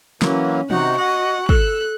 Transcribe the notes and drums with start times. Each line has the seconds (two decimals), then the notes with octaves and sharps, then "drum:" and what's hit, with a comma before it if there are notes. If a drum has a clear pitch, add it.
0.22 E3 F#3 A#3 C#4, drum: snare
0.70 C3 D#4 F#4 F#5, drum: tom
0.98 D#5 F#5
1.49 A4 E6 F#6, drum: kick